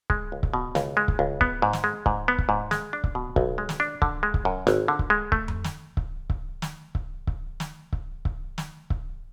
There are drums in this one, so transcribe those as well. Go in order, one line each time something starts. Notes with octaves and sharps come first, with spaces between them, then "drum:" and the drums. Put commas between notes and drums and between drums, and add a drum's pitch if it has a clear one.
G#3, drum: kick C#1
C#2
drum: kick C#1
B2
C#2, drum: snare
G#3
drum: kick C#1
C#2
B3, drum: kick C#1
G#2
drum: snare
G#3
G#2, drum: kick C#1
B3
drum: kick C#1
G#2
G#3, drum: snare
D4
drum: kick C#1
B2
B1, drum: kick C#1
G#3
drum: snare
D4
D3, drum: kick C#1
G#3
drum: kick C#1
F#2
G#1, drum: snare
D3
drum: kick C#1
G#3
A3, drum: kick C#1
drum: tom F2
drum: snare
drum: kick C#1
drum: kick C#1
drum: snare
drum: kick C#1
drum: kick C#1
drum: snare
drum: kick C#1
drum: kick C#1
drum: snare
drum: kick C#1